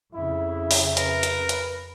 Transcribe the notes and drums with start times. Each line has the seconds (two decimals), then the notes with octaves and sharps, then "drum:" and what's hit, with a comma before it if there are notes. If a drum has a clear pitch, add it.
0.14 F2 C#3 E4 E5
0.71 drum: open hi-hat
0.97 A#4 B4, drum: hi-hat
1.23 drum: hi-hat
1.49 drum: hi-hat